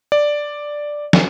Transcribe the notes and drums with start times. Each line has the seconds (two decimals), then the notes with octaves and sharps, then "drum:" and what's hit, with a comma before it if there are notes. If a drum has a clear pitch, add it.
0.12 D5
1.13 drum: snare